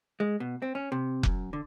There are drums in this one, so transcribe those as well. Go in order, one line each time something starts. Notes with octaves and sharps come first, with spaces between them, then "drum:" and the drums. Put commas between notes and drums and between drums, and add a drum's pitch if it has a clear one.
G#3
B2
C4
C#4
C3
F#2, drum: kick F1
D3